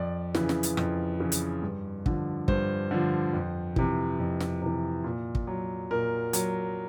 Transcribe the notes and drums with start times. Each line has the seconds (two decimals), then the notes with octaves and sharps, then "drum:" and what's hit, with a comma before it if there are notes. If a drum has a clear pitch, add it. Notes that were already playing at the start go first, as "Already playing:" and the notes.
Already playing: F2 D5
0.35 C#3 E3, drum: snare
0.49 drum: snare
0.63 drum: hi-hat
0.77 F2, drum: rim click
1.20 C#3 E3
1.32 drum: hi-hat
1.62 G2
2.06 D3 F3, drum: kick
2.48 G2 C5, drum: kick
2.91 D3 F3
3.33 F2
3.76 C3 E3, drum: kick
4.20 F2
4.40 drum: snare
4.62 C3 E3
5.04 A#2
5.35 drum: kick
5.47 F#3
5.91 A#2 A#4
6.33 F#3, drum: hi-hat